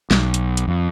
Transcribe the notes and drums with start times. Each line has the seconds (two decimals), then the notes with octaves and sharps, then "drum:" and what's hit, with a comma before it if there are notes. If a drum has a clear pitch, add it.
0.11 B1, drum: snare
0.34 drum: hi-hat
0.57 drum: hi-hat
0.68 F2